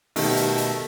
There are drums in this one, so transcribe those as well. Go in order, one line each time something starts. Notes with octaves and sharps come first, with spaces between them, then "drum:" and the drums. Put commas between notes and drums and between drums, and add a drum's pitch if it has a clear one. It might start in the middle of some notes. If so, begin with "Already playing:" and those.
B2 D#3 G3 A3, drum: open hi-hat
drum: hi-hat
drum: hi-hat